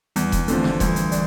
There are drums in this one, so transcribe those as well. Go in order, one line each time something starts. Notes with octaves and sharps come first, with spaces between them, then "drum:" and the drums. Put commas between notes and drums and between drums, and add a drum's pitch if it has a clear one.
E2 G3 B3, drum: hi-hat
drum: kick E1, hi-hat
D3 F3 A3 C4, drum: hi-hat
drum: snare
D2 E3 G3, drum: kick E1, hi-hat
drum: hi-hat
D4, drum: hi-hat